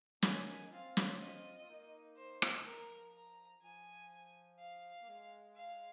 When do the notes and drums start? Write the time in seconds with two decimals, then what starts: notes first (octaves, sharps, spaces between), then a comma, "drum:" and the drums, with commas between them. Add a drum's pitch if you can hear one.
0.22 A#3 D#4 G#5, drum: snare
0.71 C4 F4 F5
0.97 drum: snare
1.20 D#5
1.60 F4
1.68 A#3 D#4
2.16 C5
2.42 drum: rim click
2.55 F3
2.65 G#3 A#4
2.89 F3
3.13 A#5
3.62 F3 G#5
4.59 F5
5.02 A#3
5.08 G#3
5.56 F5